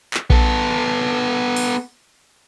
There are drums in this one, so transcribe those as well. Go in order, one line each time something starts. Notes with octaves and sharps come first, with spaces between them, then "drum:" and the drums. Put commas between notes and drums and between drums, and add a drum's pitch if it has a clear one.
drum: clap
B3 A4, drum: kick A#1
drum: open hi-hat